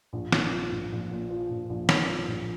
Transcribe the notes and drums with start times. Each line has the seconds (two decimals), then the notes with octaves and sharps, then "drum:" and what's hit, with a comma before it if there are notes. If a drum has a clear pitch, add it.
0.13 A#1
0.32 A#2, drum: snare
0.52 F3
0.72 A#1
0.92 A#1
1.11 A#2
1.30 F3
1.50 A#1
1.70 A#1
1.89 A#2, drum: snare
2.09 F3
2.28 A#1